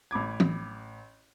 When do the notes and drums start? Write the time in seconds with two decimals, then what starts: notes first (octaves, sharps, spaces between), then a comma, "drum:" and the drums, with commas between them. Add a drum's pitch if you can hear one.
0.11 A1 B5 D6 G#6
0.40 drum: tom E3